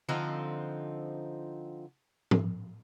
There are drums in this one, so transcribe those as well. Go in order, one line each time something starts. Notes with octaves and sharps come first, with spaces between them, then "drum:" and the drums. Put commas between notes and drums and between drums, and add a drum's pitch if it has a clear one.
D3 F3 C4 D#4
drum: tom